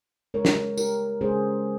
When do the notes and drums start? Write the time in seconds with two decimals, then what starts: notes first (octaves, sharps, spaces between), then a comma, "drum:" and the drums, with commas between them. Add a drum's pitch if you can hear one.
0.34 C#3 G#3 A#4 C#5
0.45 drum: snare
0.77 G4 A#4, drum: tambourine
1.21 C#3 G#3 G#4 C5